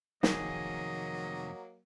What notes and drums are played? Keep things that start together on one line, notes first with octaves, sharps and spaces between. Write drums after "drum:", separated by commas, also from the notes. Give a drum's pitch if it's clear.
F2 C3 D#3 F#3 A#3 G#4 D#5, drum: snare